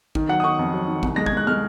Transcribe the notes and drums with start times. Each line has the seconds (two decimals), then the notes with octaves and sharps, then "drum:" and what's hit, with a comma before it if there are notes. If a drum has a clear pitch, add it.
0.15 D#3, drum: kick
0.29 F#3 F#5
0.40 D#6
0.44 D#3 C#6
0.59 F2
0.74 F#3
0.88 D#3
1.03 C2, drum: kick
1.16 G#3 A#6
1.26 G#6, drum: kick
1.33 G#3 F#6
1.47 G#3 F6